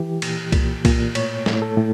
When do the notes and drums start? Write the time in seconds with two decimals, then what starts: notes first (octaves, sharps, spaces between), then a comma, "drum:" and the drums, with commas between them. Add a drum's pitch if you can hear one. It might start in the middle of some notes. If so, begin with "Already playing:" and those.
Already playing: E3 G4
0.22 A#2, drum: cymbal
0.52 A#2, drum: kick C2, cymbal
0.85 A#2, drum: kick C2, cymbal
1.15 A2 C#5, drum: cymbal
1.46 A2, drum: snare
1.62 A4
1.77 A2